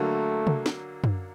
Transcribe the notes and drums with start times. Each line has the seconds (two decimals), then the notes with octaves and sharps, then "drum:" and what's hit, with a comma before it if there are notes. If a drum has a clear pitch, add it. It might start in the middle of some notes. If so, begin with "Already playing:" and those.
Already playing: D3 F#3 A3 A#3
0.47 drum: tom
0.66 drum: snare
1.04 drum: tom F#2